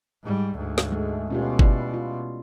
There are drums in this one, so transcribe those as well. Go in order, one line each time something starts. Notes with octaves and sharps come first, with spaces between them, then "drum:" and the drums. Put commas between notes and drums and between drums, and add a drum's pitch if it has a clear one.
G#2 G3
D2 G#2
drum: snare
G#3 A3
B2 C#4 F4 G4
E4 D5, drum: kick G1
F4